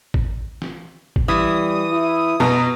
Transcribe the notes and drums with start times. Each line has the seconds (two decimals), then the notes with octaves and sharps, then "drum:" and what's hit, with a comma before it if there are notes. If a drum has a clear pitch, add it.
0.14 drum: kick
0.62 drum: snare
1.16 drum: kick
1.28 E3 G3 D#6
1.92 E4
2.40 B2 B3 A#5